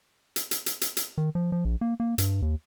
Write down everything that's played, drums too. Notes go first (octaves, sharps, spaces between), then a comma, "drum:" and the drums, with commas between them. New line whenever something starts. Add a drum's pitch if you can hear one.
drum: hi-hat
drum: hi-hat
drum: hi-hat
drum: hi-hat
drum: hi-hat
D#3
F3
F3
A#1
A#3
A#3
G2, drum: hi-hat
D#2